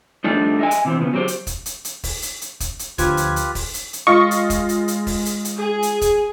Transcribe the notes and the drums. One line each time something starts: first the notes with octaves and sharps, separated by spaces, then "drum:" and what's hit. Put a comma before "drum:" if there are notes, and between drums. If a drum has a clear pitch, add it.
F3 G3 A3 D4 D#4
D#5 E5 G#5
drum: hi-hat
C3 E3 C4
C#3 B3
F#3 G4 C5
drum: hi-hat
drum: kick, hi-hat
drum: hi-hat
drum: hi-hat
drum: kick, open hi-hat
drum: hi-hat
drum: hi-hat
drum: kick, hi-hat
drum: hi-hat
D2 F3 F4 G4 B4 G#6, drum: kick, hi-hat
drum: hi-hat
drum: hi-hat
drum: kick, open hi-hat
drum: hi-hat
drum: hi-hat
G#3 F4 D#5 C#6
drum: hi-hat
drum: kick, hi-hat
drum: hi-hat
drum: hi-hat
drum: kick, open hi-hat
drum: hi-hat
drum: hi-hat
G#4
drum: hi-hat
drum: kick, hi-hat